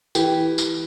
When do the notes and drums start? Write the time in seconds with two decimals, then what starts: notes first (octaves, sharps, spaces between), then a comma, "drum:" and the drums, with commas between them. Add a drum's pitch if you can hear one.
0.15 E3 G4, drum: tambourine
0.58 drum: tambourine